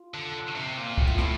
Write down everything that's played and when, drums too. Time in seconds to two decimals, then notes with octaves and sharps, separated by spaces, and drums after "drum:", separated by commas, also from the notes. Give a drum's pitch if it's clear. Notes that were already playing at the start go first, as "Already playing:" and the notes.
Already playing: F4
0.14 D3
0.56 C3
0.77 A#2
0.98 A2, drum: kick
1.07 F4
1.18 A2 E4, drum: rim click